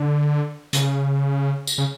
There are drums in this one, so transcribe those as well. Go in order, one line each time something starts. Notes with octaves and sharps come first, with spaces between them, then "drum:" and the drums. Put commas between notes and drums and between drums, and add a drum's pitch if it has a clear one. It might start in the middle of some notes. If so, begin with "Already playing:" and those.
Already playing: D3
C#3, drum: hi-hat
drum: tambourine
C#3